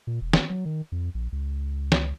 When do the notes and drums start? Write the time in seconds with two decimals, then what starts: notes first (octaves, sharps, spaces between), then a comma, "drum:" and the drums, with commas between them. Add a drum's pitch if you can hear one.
0.07 A#2
0.21 E1
0.33 drum: snare
0.50 F#3
0.65 D#3
0.92 F2
1.15 A#1
1.32 C#2
1.92 drum: snare